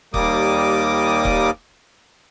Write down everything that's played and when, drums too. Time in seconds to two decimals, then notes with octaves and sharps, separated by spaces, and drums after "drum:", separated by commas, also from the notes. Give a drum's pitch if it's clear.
0.14 D#2 G3 A#3 D6 D#6, drum: kick C#1
1.25 drum: kick C#1